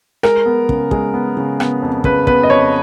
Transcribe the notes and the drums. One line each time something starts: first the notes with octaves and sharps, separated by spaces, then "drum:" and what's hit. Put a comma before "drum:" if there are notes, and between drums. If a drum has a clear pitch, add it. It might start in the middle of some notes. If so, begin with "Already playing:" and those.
G#3 A#4, drum: rim click
B3
C#3, drum: kick
G#3, drum: kick
B3
C#3
B3, drum: rim click
F2
C#3 B4, drum: kick
B3 B4, drum: kick
D#5
F2 C#5